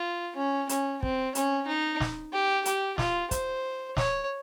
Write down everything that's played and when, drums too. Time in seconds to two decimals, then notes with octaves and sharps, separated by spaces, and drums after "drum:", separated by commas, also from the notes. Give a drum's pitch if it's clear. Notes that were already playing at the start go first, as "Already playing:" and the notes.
Already playing: F4
0.36 C#4
0.69 C#4, drum: hi-hat
1.03 C4, drum: kick
1.35 C#4, drum: hi-hat
1.68 D#4
2.00 drum: snare
2.33 G4
2.66 G4, drum: hi-hat
2.98 F4, drum: snare
3.31 C5, drum: kick, hi-hat
3.97 C#5, drum: snare